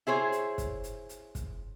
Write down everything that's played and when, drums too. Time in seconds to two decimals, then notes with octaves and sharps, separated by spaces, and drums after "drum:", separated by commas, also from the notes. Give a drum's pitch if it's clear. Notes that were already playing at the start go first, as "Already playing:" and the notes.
0.07 E4 G#4 C5 C#5
0.32 drum: hi-hat
0.58 drum: kick, hi-hat
0.84 drum: hi-hat
1.09 drum: hi-hat
1.35 drum: kick, hi-hat